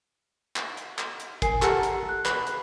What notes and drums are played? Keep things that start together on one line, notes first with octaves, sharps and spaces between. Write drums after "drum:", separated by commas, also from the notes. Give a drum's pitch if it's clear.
drum: clap
drum: hi-hat
drum: clap
drum: hi-hat
A#4 G#5 C7, drum: kick, hi-hat
G4 A4 A#4 F#5 C#7, drum: clap
drum: hi-hat
F#6
B4, drum: clap
drum: hi-hat